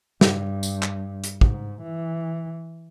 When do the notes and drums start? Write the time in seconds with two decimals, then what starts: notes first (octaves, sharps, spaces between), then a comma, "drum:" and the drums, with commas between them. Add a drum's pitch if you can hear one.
0.21 G2, drum: snare
0.63 drum: tambourine
0.83 drum: clap
1.24 drum: hi-hat
1.41 G#2, drum: kick
1.82 E3